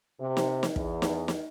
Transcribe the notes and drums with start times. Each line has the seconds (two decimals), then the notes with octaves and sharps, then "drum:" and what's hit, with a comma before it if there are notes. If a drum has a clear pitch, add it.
0.20 C3
0.37 drum: snare
0.63 drum: snare
0.76 E2, drum: kick
1.02 drum: snare
1.28 drum: snare